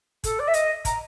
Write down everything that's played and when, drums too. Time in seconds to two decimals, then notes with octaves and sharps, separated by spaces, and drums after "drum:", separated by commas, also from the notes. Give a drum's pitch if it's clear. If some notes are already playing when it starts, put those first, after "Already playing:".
0.24 A4, drum: kick, hi-hat
0.39 D5
0.47 E5
0.54 D#5, drum: hi-hat
0.85 A#5, drum: kick, hi-hat